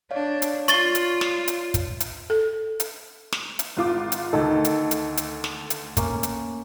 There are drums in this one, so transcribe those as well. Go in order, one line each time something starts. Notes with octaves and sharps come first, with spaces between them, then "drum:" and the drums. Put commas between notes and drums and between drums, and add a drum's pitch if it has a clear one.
D4 C#5 D5 F5
drum: hi-hat
F4 C#6 A6 G7, drum: hi-hat
drum: hi-hat
drum: snare
drum: hi-hat
drum: kick, hi-hat
drum: hi-hat
A4
drum: hi-hat
drum: snare
drum: hi-hat
G#1 F4 D6
drum: hi-hat
D2 D#3 A4
drum: hi-hat
drum: hi-hat
drum: hi-hat
drum: snare
drum: hi-hat
A#3 C#4, drum: kick, hi-hat
drum: hi-hat